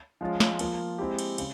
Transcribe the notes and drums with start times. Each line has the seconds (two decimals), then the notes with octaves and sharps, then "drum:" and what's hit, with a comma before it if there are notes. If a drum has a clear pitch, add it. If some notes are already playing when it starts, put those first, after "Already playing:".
0.21 F3 G#3 C#4 F4
0.40 drum: snare
0.59 F3 A#3 F4, drum: cymbal
0.98 G#3 C4 E4 G4
1.19 drum: cymbal
1.38 C#3, drum: cymbal